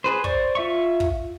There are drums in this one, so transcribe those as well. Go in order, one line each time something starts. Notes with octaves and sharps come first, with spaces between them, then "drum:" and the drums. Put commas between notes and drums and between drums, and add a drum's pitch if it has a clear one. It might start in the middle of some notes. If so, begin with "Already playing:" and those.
G#4 B4 C5
C5 D5 C#6, drum: kick
F4 E5 C#6
drum: kick